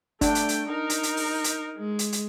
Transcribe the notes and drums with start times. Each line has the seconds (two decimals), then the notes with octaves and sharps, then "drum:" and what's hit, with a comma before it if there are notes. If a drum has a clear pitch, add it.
0.21 A3 D4 G5, drum: kick G1, hi-hat
0.35 drum: hi-hat
0.49 drum: hi-hat
0.69 D#4 A#4
0.90 drum: hi-hat
1.03 drum: hi-hat
1.17 drum: open hi-hat
1.44 drum: hi-hat
1.77 G#3
1.99 drum: hi-hat
2.12 drum: hi-hat